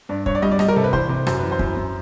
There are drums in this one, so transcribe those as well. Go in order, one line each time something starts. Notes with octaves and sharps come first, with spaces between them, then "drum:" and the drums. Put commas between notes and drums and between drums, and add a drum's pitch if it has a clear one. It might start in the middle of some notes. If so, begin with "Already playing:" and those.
G2 D5
G2 C#5, drum: kick
D5
G3 D#5
D5
G3 D#5, drum: rim click
A#4
C3 A4
B4
E3 C5, drum: kick
C3
F#2 C5, drum: rim click
E3 B4
C5
F#2, drum: kick
F#2